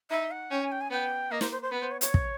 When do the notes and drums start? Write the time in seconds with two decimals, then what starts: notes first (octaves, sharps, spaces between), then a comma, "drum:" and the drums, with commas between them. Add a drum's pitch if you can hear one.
0.10 D#4 E5
0.31 F#5
0.51 C#4 G5
0.61 G#5
0.71 G5
0.81 G#5
0.90 B3 G5
1.31 A#3 D#5
1.41 C5, drum: snare
1.51 C5
1.62 C5
1.71 B3 B4
1.81 C5
1.91 C#5
2.01 C#5, drum: hi-hat
2.14 drum: kick